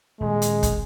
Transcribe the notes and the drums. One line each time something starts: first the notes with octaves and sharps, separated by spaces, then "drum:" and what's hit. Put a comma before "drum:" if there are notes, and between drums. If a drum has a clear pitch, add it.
D#1 G#3
drum: hi-hat
drum: kick, hi-hat